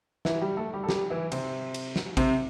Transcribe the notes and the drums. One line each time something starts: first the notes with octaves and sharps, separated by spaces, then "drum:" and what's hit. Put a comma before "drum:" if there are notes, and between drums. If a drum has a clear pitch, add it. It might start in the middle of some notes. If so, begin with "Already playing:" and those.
E3 E4, drum: snare
G3 G4
A3 A4
G3 G4
A4
G3 G4, drum: snare
E3 E4
C3 C4, drum: cymbal
drum: cymbal
drum: snare
C3 C4, drum: kick, cymbal